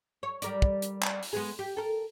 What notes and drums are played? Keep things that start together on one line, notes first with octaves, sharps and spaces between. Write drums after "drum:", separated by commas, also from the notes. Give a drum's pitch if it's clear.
C#5
G3 A#4 D5, drum: hi-hat
drum: kick
drum: hi-hat
drum: clap
drum: open hi-hat
G#3 B3 G#4
G4
A4 A#4